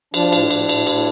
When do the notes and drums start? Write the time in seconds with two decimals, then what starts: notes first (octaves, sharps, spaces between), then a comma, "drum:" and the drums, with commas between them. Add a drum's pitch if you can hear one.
0.14 F3 D4, drum: cymbal
0.32 A2, drum: cymbal
0.50 A2, drum: cymbal
0.69 A2, drum: cymbal
0.87 A2, drum: cymbal